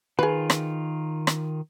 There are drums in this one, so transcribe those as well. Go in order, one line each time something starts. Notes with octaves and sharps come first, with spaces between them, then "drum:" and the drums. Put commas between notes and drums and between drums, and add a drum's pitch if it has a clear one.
D#3 F4 G#4 B4
drum: rim click
drum: rim click